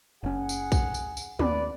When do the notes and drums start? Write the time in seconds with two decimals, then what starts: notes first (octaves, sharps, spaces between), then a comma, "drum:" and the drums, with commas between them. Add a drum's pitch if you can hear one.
0.23 F#1 C#4 G#4 F#5
0.49 drum: tambourine
0.72 drum: kick A#1, tambourine
0.94 drum: tambourine
1.17 drum: tambourine
1.39 D#2 B4 D5, drum: tom